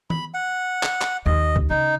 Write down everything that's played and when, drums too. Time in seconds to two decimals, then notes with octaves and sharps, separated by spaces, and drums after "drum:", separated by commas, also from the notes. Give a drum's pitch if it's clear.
0.10 B5, drum: tom
0.34 F#5
0.83 drum: clap
1.01 drum: clap
1.26 D#2 D#5
1.56 drum: kick C2
1.70 C#3 D#4